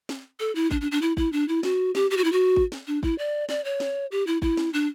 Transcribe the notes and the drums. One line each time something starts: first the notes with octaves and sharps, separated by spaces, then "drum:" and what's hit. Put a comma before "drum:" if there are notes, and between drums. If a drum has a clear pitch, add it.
drum: snare
A4
E4
D4, drum: kick G#1
D4
D4
E4
E4, drum: kick G#1
D4
E4
F#4, drum: snare
G4, drum: snare
G4
F#4
E4
F#4
drum: kick G#1
drum: snare
D4
E4, drum: kick G#1
D5
D5, drum: snare
C#5
drum: snare
G4
E4
E4, drum: kick G#1
drum: snare
D4